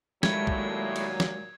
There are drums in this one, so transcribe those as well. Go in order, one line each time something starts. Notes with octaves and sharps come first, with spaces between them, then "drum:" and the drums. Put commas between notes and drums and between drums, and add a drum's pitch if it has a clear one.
D#2 A#2 F#3 G#3 A3 E4 G#6, drum: snare
drum: kick B1
drum: cymbal
drum: snare